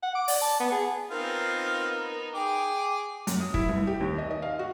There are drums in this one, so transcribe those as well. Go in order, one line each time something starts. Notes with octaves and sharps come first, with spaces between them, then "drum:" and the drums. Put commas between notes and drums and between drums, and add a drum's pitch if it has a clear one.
F#5
D6
D5, drum: open hi-hat
A5
B3
G#4
B3 C4 D#4 F4 A#4
G#4 G5 D6
F#2, drum: hi-hat
D#6
E4, drum: kick
C2
G4
D#2
D#5
D#5
F5
F#4